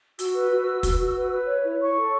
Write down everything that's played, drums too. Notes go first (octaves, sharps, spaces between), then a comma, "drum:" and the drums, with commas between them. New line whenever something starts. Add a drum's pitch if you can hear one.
F#4 E6, drum: hi-hat
B4
F#4
B4
F#4, drum: kick, hi-hat
F#4
B4
B4
C#5
E4
C#5 C#6
A4